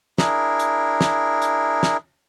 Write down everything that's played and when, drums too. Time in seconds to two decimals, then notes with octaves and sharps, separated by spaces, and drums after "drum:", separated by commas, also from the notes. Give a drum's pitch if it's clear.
0.18 D4 E4 G#4 A#4, drum: snare
0.60 drum: hi-hat
1.01 drum: snare
1.42 drum: hi-hat
1.83 drum: snare